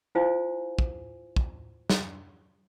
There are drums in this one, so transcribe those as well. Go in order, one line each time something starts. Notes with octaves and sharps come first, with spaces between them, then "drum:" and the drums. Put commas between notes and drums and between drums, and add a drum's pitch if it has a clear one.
E4 F4 C5 F5 G#5
drum: kick
drum: kick
drum: snare